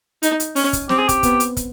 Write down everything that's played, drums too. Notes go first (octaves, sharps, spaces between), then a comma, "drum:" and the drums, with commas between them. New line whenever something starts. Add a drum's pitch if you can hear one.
D#4, drum: hi-hat
drum: hi-hat
C#4, drum: open hi-hat
drum: kick, hi-hat
C4 G4, drum: snare
G#4
G4, drum: kick, hi-hat
B3, drum: kick, hi-hat
drum: hi-hat
drum: kick, hi-hat